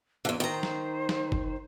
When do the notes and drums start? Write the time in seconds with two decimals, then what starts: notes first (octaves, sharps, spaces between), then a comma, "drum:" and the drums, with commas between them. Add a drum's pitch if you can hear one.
0.25 E2 D3 C5
0.40 D#3 C5 A#5
0.63 drum: snare
1.09 drum: snare
1.32 drum: kick